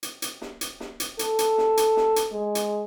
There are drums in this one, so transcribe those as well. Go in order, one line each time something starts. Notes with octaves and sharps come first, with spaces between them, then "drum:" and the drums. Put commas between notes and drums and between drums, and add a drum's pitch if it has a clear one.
drum: hi-hat
drum: hi-hat
drum: snare
drum: hi-hat
drum: snare
drum: hi-hat
A4, drum: hi-hat
drum: hi-hat
drum: snare
drum: hi-hat
drum: snare
drum: hi-hat
G#3
drum: hi-hat